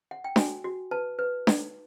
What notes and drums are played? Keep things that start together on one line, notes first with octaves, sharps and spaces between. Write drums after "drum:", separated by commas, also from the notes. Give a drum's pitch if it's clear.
F#5
G5
F#4 G#5, drum: snare D4
F#4
B4 A5
B4
D#4, drum: snare D4